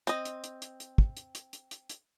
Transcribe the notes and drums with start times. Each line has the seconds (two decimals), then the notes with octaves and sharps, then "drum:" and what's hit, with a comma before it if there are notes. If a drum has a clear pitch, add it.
0.07 C4 D#5, drum: hi-hat
0.25 drum: hi-hat
0.44 drum: hi-hat
0.62 drum: hi-hat
0.80 drum: hi-hat
0.98 drum: kick
1.17 drum: hi-hat
1.35 drum: hi-hat
1.53 drum: hi-hat
1.71 drum: hi-hat
1.89 drum: hi-hat